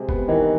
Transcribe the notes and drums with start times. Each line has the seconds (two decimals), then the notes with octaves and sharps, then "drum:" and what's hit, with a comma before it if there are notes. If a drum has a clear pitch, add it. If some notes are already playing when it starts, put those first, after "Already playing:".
Already playing: C3 G#3
0.09 B3, drum: kick F1
0.29 D#3 E3